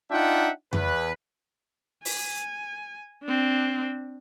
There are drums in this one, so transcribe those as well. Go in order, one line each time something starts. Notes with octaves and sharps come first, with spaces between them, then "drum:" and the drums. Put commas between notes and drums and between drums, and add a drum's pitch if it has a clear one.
D4 D#4 F4 E5 F#5 G5
E2 B4, drum: tom F2
G#5, drum: open hi-hat
C4 D4